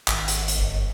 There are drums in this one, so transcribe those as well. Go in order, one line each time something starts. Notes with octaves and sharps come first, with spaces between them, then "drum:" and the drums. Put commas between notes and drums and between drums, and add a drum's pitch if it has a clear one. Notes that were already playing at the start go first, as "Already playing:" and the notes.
G#1, drum: clap
drum: hi-hat
drum: hi-hat
G1